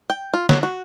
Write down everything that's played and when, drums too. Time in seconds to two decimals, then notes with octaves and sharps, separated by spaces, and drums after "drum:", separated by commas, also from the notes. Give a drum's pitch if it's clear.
0.10 G5
0.34 F4
0.49 F#3, drum: snare
0.63 F#4